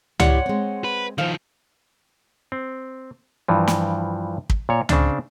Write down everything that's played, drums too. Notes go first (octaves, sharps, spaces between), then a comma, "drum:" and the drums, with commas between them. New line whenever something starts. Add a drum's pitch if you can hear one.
E4 G4 C#5 D5 F#5 C6, drum: tom
G#3 C4
B4
D#3 F3 C5 F5
C4
G2 E3 F3
drum: snare
drum: kick
A#2 C#5
C#3 C4 D4 A5, drum: tom